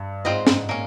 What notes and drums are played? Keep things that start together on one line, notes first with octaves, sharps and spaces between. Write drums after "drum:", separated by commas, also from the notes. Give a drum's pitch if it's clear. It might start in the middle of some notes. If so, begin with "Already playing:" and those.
Already playing: G2
G#2 C4 F4 C5 D#5
G#2, drum: snare
A#2 A#3 C#4